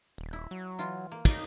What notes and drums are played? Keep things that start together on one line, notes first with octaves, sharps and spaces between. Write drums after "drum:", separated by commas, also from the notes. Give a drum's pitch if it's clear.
D#1
E4
F#3
E3 F4
A#3
D#4 D5, drum: kick, cymbal